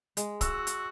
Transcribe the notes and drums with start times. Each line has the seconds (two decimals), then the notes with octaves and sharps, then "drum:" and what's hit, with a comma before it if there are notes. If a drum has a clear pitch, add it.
0.17 G#3, drum: hi-hat
0.41 F#4 E6, drum: kick, hi-hat
0.67 drum: hi-hat